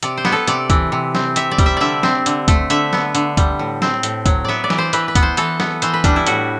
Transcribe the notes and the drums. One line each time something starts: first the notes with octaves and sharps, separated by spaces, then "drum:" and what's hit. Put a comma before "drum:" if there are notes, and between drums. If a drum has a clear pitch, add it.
C3 D5, drum: hi-hat
C5
B3, drum: snare
A4
C3 D5, drum: hi-hat
E3, drum: kick, hi-hat
C3
C4, drum: snare
C3 E5, drum: hi-hat
D5
G3, drum: kick, hi-hat
E5
D3 D5 E5
C4, drum: snare
D3, drum: hi-hat
A3, drum: kick, hi-hat
D3 E5, drum: hi-hat
B3, drum: snare
D3, drum: hi-hat
G3, drum: kick, hi-hat
A2
C4, drum: snare
A2, drum: hi-hat
F#3, drum: kick, hi-hat
B3 D5 E5
D5
E3, drum: snare
C5
E3 B4, drum: hi-hat
B4
B3, drum: kick, hi-hat
C5
E3 A4, drum: hi-hat
B3, drum: snare
E3 C5, drum: hi-hat
B4
G3 D4, drum: kick, hi-hat
E4
A2 F#4, drum: hi-hat